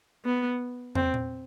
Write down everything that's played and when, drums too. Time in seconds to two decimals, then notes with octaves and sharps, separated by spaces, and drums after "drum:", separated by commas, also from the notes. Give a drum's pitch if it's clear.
0.25 B3
0.95 C4, drum: tom
1.14 drum: tom A#2